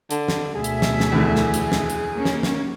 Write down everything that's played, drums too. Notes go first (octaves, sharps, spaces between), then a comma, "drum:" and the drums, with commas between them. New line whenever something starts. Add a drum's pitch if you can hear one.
D3, drum: hi-hat
drum: snare
D2 B2 G#4 E5
drum: hi-hat
drum: snare
drum: snare
E2 D3
drum: snare
drum: hi-hat
drum: snare
drum: hi-hat
A#3 C#4
drum: snare
drum: snare